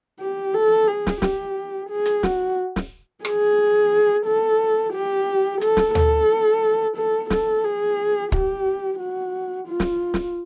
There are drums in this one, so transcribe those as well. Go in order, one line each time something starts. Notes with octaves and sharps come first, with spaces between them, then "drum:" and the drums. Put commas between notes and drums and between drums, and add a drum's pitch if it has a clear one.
G4
A4
G#4
drum: snare
G4, drum: snare
G#4
drum: hi-hat
F#4, drum: snare
drum: snare
G#4, drum: rim click
A4
G4
A4, drum: hi-hat
drum: snare
A4, drum: tom
A4
A4, drum: snare
G#4
G4, drum: kick
F#4
F4
drum: snare
drum: snare